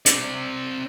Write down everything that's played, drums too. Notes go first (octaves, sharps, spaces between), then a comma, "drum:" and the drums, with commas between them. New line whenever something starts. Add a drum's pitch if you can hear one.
C4 D5, drum: hi-hat